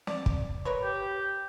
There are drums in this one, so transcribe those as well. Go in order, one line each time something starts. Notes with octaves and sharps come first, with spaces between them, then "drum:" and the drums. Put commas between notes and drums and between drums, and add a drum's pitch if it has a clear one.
D5, drum: snare
drum: kick
A#4 B4 C#5
G4